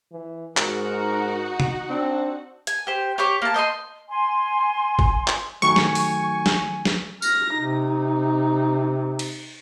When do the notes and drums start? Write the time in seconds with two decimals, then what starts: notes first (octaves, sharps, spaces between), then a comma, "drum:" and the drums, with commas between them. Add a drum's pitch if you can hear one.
0.12 E3
0.57 G#2 D#4 F#4 A#4 F#5, drum: clap
1.60 drum: tom C3
1.89 C4 D4
2.67 G#5, drum: hi-hat
2.87 G4 C5
3.18 G4 C5 C#5 D6
3.42 A#3 A5
3.54 C5 D#5 A5 C6
4.09 G#5 C6
4.99 drum: kick G1
5.28 drum: clap
5.62 D#3 F#3 A3 G#5 C#6
5.76 drum: snare
5.95 drum: open hi-hat
6.46 drum: snare
6.85 drum: snare
7.22 F6 A#6, drum: tambourine
7.57 C3 D#4
9.19 drum: cymbal